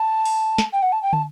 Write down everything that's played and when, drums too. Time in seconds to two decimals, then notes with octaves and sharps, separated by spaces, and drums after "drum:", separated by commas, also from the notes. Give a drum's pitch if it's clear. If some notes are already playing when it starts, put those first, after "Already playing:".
Already playing: A5
0.25 drum: open hi-hat
0.58 drum: snare
0.72 G5
0.82 F#5
0.92 A5
1.02 G5
1.13 A5, drum: tom